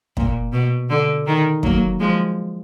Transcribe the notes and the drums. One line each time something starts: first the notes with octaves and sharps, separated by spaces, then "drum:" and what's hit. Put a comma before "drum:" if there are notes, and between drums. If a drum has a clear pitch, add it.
A#2, drum: kick
B2
D3
D#3
F#3 A#3, drum: kick
F3 G#3